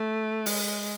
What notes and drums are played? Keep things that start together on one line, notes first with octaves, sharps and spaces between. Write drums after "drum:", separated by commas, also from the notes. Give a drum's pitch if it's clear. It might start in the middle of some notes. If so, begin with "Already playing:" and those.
Already playing: A3
G#3, drum: open hi-hat